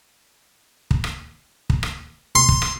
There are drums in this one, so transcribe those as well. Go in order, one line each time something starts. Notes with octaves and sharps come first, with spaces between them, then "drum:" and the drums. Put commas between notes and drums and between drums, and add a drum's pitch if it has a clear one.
drum: kick
drum: rim click
drum: kick
drum: rim click
C6
drum: kick
drum: rim click